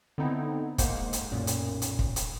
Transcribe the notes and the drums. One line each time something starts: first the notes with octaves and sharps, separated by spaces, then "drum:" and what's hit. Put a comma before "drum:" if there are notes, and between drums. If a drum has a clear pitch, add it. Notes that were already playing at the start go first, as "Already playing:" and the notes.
D3 B3 C4 D#4 E4
G#3 A#3 C5 F#5, drum: kick, hi-hat
drum: hi-hat
B1 F#2 A#2
drum: hi-hat
drum: hi-hat
drum: kick
drum: hi-hat